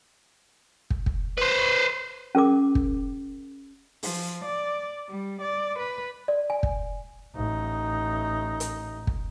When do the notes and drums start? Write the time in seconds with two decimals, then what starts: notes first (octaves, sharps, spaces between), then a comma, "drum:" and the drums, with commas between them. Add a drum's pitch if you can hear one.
0.90 drum: kick
1.06 drum: kick
1.38 B4 C5
2.35 C#4 G#4 A#4 D6
2.75 drum: kick
4.03 F3, drum: open hi-hat
4.45 D5
5.08 G3
5.41 D5
5.79 B4
6.28 D5
6.50 G#5
6.63 drum: kick
7.35 A1 D#4
8.60 drum: hi-hat
9.07 drum: kick